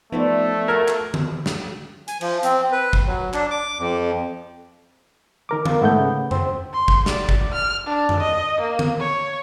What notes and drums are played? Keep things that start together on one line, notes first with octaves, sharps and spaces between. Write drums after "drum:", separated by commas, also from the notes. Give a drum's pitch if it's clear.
F3 A3 B3 D#4 B4 C5 D5
F3 F#4 A#4 F5 G#6
drum: clap
drum: tom D3
drum: snare
G#5, drum: hi-hat
F3, drum: cymbal
C4, drum: hi-hat
B4
drum: kick
F#3
D4, drum: clap
D6
F2
D#3 A#4 D6
A#3, drum: tom D3
G#2 A3 B3 G6
C#3
C4, drum: tom F2
C6
drum: kick
D5, drum: snare
drum: kick
F6
D4
drum: tom F2
D#5
A#3
drum: tom D3
C#5